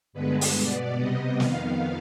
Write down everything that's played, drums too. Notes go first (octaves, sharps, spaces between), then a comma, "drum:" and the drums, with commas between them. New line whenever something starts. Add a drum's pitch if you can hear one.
G2 D3 G#3 B3 B4
drum: open hi-hat
B2 B3 D5
C3 G3 B3 D#5
F2 D#3 B3 F5, drum: snare